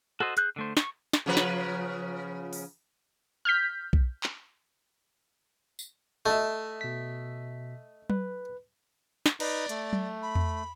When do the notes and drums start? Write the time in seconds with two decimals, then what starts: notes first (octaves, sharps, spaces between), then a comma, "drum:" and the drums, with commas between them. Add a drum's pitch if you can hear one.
0.20 F#4 A4 C5 D#5, drum: rim click
0.37 G#4 F#6 G6, drum: hi-hat
0.56 D3 A3 C5
0.77 C#6, drum: snare
1.13 drum: snare
1.26 C#3 F3 B4
1.37 drum: snare
2.53 drum: open hi-hat
3.45 F6 G6 B6
3.93 drum: kick B1
4.24 drum: clap
5.79 drum: tambourine
6.26 A3 D#5 E5
6.81 B2 B6
8.10 B4, drum: tom F#3
9.26 drum: snare
9.40 D#4 B4 D5 A#5, drum: cymbal
9.69 A3, drum: hi-hat
9.93 drum: tom F#3
10.22 B5
10.35 drum: tom E2